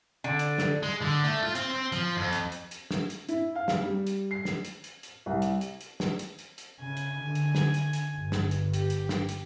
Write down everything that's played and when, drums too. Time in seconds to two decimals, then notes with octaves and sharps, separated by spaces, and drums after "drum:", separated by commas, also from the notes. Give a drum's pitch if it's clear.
0.24 D3
0.39 drum: hi-hat
0.59 drum: snare
0.83 G#3
1.02 D3
1.24 A3
1.43 F4
1.55 C4, drum: hi-hat
1.71 C4
1.92 F3, drum: hi-hat
2.17 F2
2.33 drum: hi-hat
2.52 drum: hi-hat
2.71 drum: hi-hat
2.91 drum: snare
3.10 drum: hi-hat
3.29 E4, drum: hi-hat
3.55 F5
3.68 drum: snare
3.81 G3
4.07 drum: hi-hat
4.31 C7
4.45 drum: snare
4.65 drum: hi-hat
4.84 drum: hi-hat
5.03 drum: hi-hat
5.26 C2
5.42 drum: hi-hat
5.61 drum: hi-hat
5.81 drum: hi-hat
6.00 drum: snare
6.19 drum: hi-hat
6.39 drum: hi-hat
6.58 drum: hi-hat
6.81 C#3 G#5
6.97 drum: hi-hat
7.22 D3
7.35 drum: hi-hat
7.55 drum: snare
7.74 drum: hi-hat
7.93 drum: hi-hat
8.16 G1
8.32 drum: snare
8.51 drum: hi-hat
8.74 G4, drum: hi-hat
8.90 drum: hi-hat
9.09 drum: snare
9.29 drum: hi-hat